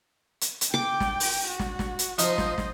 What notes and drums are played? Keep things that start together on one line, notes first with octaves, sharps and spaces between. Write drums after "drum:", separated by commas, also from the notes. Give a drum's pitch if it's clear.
drum: hi-hat
drum: hi-hat
G5 D6
drum: snare
drum: open hi-hat
F#4
drum: snare
drum: snare
drum: hi-hat
F3 D#4 C5 D#5, drum: hi-hat
drum: snare
drum: snare